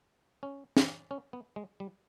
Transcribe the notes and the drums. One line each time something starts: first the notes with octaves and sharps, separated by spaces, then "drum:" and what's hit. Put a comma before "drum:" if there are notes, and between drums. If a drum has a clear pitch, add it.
C#4
drum: snare
C#4
B3
G#3
G3